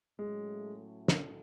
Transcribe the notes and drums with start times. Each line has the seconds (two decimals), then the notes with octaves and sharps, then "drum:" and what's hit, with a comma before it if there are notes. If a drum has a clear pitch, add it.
0.19 A2 F#3 G#3 A3 C#4
1.08 drum: snare